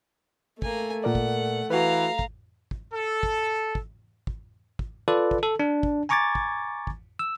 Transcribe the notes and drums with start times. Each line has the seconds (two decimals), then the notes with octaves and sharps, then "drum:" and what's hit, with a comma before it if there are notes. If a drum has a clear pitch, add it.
0.62 A3 A#3 G#5, drum: kick
1.04 A#2 A#4 D5 F#5
1.15 drum: kick
1.70 E3 F#4 B4 F5 A#5
2.19 drum: kick
2.71 drum: kick
2.94 A4
3.23 drum: kick
3.75 drum: kick
4.27 drum: kick
4.79 drum: kick
5.08 F4 A4 B4 D5
5.31 drum: kick
5.43 A4
5.59 D4
5.83 drum: kick
6.09 G#5 A#5 C#6 D6 G#6 A6
6.35 drum: kick
6.87 drum: kick
7.19 E6